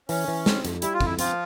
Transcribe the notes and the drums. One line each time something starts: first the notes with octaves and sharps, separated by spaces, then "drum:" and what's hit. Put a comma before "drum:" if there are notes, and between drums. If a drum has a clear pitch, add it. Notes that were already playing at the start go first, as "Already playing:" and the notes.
E3 C#4, drum: open hi-hat
E3
C4, drum: snare
F2, drum: hi-hat
G3 E4, drum: hi-hat
F4
F2 E4, drum: kick
F3 C4 F4, drum: hi-hat